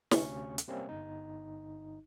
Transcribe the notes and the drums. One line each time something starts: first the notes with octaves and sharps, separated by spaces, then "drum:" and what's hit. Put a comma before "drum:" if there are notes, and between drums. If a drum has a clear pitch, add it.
D2 C3 C#4 C#6, drum: snare
drum: hi-hat
C3 G3 A#3 C4 C#4
G1 D#4